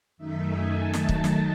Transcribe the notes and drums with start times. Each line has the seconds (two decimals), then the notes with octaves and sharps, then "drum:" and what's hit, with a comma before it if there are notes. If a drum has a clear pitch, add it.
0.17 F#2 D#3 A3 D#4 E5
0.48 G#5
0.78 D#3 F#3 A3 D#4 A5
0.93 drum: snare
1.09 drum: kick
1.24 drum: snare